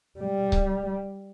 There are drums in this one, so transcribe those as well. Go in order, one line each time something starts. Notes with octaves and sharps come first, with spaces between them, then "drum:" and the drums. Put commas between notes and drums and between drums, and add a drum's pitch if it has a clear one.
G3
drum: kick C#1